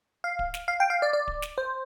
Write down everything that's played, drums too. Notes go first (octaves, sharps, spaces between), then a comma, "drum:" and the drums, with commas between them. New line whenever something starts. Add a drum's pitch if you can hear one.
F5
drum: kick D1
drum: snare
F5
G5
F5
D5
D5
drum: kick D1
drum: snare
C5